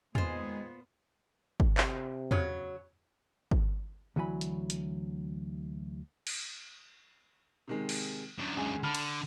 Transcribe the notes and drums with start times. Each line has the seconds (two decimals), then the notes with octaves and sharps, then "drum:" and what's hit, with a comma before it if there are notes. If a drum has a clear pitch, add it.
0.15 A#2 D#3 G#3 B3 F4 G#4 C5, drum: tom E2
1.60 drum: kick
1.77 C3, drum: clap
2.31 C#3 F#3 C#5, drum: tom E2
3.51 drum: kick
4.16 D2 E3 F#3 G#5 B5
4.41 drum: hi-hat
4.70 drum: hi-hat
6.27 drum: cymbal
7.68 C3 D#3 G#3
7.89 drum: cymbal
8.39 F#2 D3
8.57 C#2 G#3 G#4
8.83 D3 A5 B5 F6
8.95 drum: cymbal